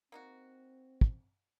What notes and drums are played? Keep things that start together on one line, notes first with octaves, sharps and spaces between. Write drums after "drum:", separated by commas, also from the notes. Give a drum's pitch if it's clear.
A#3 C4 D#4 F#4
drum: kick